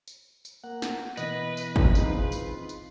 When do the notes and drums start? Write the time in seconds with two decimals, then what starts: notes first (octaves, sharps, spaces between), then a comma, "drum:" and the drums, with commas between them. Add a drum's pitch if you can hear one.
0.08 drum: tambourine
0.45 drum: tambourine
0.64 A#3 F#5
0.82 drum: snare
1.17 B2 E3 B4 D#5, drum: tambourine
1.57 drum: tambourine
1.76 drum: kick
1.95 C4 D#4 F4 G#4, drum: tambourine
2.32 drum: tambourine
2.69 drum: tambourine